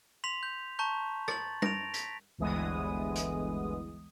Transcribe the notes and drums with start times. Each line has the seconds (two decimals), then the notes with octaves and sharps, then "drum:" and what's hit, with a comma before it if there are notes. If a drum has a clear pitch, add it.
0.24 C6 B6 F7
0.43 G6
0.79 A5 A#5 C#6 G6
1.28 A6 F#7, drum: rim click
1.62 A#6 D7 F7, drum: tom
1.94 B6, drum: hi-hat
2.38 G1 D2 E3 G#3 B3 D#6
3.15 drum: hi-hat